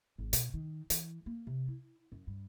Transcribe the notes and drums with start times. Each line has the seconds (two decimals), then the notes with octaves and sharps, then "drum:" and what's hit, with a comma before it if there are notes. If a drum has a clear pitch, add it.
0.18 G#1
0.33 B2, drum: hi-hat
0.54 D#3
0.90 E3, drum: hi-hat
1.26 A#3
1.47 C3
1.68 E4
2.12 F#2
2.27 G2